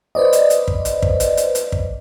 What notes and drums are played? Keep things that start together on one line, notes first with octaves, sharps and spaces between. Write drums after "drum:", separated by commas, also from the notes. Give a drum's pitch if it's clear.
B4 C5 D5 D#5
drum: hi-hat
drum: hi-hat
drum: kick
drum: hi-hat
drum: kick
drum: hi-hat
drum: hi-hat
drum: hi-hat
drum: kick